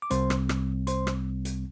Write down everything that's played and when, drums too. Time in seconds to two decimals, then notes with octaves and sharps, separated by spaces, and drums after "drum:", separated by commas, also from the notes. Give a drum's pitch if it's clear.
0.02 D6
0.10 C2 C3 G3 C4 C5 C6, drum: hi-hat
0.30 drum: rim click
0.49 drum: rim click
0.87 C5 C6, drum: hi-hat
1.07 drum: rim click
1.45 drum: hi-hat